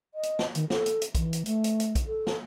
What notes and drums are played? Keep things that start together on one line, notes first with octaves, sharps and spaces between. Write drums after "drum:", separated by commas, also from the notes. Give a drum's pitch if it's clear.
D#5
drum: hi-hat
drum: snare
D#3, drum: hi-hat
A4, drum: snare
drum: hi-hat
drum: hi-hat
E3, drum: kick, hi-hat
drum: hi-hat
A3, drum: hi-hat
drum: hi-hat
drum: hi-hat
drum: kick, hi-hat
A4
drum: snare